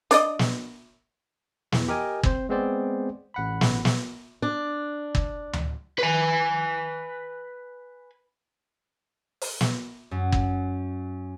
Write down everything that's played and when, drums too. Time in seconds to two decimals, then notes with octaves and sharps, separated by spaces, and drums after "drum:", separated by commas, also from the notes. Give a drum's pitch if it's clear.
0.11 D4 D5 D#5, drum: hi-hat
0.39 drum: snare
1.72 E2 E3, drum: snare
1.88 G4 A#4 D#5 G#5
2.23 C4 C5, drum: kick G1
2.49 G#3 B3 C4 G#4 C5 D5
3.34 A1 F#5 B5
3.61 drum: snare
3.85 drum: snare
4.42 D4
5.15 drum: kick G1
5.53 drum: tom D2
5.98 B4 G#5
9.41 drum: open hi-hat
9.61 drum: snare
10.11 F#2
10.32 drum: kick G1